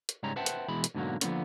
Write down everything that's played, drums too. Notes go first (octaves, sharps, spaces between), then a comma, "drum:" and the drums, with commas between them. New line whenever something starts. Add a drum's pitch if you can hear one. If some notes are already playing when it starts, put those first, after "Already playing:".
drum: hi-hat
G#2 C#3 G3 G#3 C#4 A#5
B4 C5 E5 F#5 G5 A5
drum: hi-hat
B2 E3 G#3 B5
drum: hi-hat
G#2 B2 D3 D#3 F#3 A#3
D3 F3 G#3 A#3 B3 C#4, drum: hi-hat